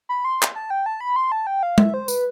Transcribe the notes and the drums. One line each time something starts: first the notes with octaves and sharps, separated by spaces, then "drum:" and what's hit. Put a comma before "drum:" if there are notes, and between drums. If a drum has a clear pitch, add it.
B5
C6
drum: clap
A5
G5
A5
B5
C6
A5
G5
F5
E5, drum: tom G#3
C5
B4, drum: tambourine